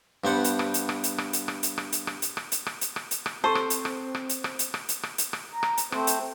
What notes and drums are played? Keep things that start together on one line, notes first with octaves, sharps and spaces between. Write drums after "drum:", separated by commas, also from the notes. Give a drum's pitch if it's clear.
G2 B3 C5 F#5
drum: hi-hat
drum: rim click
drum: hi-hat
drum: rim click
drum: hi-hat
drum: rim click
drum: hi-hat
drum: rim click
drum: hi-hat
drum: rim click
drum: hi-hat
drum: rim click
drum: hi-hat
drum: rim click
drum: hi-hat
drum: rim click
drum: hi-hat
drum: rim click
drum: hi-hat
drum: rim click
C4 A4 C5 A5 C#6
drum: rim click
drum: hi-hat
drum: rim click
drum: rim click
drum: hi-hat
drum: rim click
drum: hi-hat
drum: rim click
drum: hi-hat
drum: rim click
drum: hi-hat
drum: rim click
A#5
drum: rim click
drum: hi-hat
A3 C4 C5, drum: rim click
drum: hi-hat